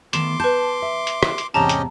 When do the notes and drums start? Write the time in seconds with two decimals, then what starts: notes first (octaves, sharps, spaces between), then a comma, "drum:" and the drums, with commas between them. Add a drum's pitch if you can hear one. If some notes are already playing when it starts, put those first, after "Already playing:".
0.13 D#3 A3 B3 C6 D6 E7, drum: hi-hat
0.40 B4 A5 G6
0.82 E5
1.07 drum: hi-hat
1.23 drum: rim click
1.38 drum: hi-hat
1.54 E2 G#2 C3 C#4 G4 D#5 A5 A#5
1.69 drum: hi-hat